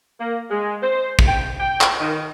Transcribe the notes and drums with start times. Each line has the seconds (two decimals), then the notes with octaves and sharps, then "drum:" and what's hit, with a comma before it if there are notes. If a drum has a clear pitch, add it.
0.20 A#3
0.51 G#3
0.83 C5
1.19 drum: kick
1.28 G5
1.60 G5
1.81 drum: clap
2.00 D#3